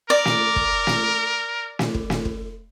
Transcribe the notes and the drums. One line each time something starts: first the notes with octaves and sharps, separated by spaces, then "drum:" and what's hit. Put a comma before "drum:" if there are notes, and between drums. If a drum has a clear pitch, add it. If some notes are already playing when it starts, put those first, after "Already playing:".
A#4 D5
drum: snare
drum: kick
drum: snare
drum: snare
drum: kick
drum: snare
drum: kick